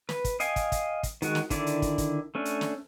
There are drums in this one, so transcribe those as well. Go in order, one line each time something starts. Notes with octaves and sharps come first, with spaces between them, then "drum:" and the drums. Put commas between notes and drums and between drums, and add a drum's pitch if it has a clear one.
B4, drum: snare
drum: kick, hi-hat
D#5 F5 G5 G#5, drum: hi-hat
drum: kick, hi-hat
drum: kick, hi-hat
drum: kick, hi-hat
D#3 G#3 F#4, drum: hi-hat
drum: snare
D3 D#3 E4 D5, drum: kick, hi-hat
drum: hi-hat
drum: kick, hi-hat
drum: kick, hi-hat
A3 C#4 D4
drum: hi-hat
drum: snare